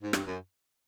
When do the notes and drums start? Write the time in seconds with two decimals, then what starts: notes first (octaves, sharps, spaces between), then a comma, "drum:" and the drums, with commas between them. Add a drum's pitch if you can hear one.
0.02 G#2
0.13 G2, drum: rim click
0.25 F#2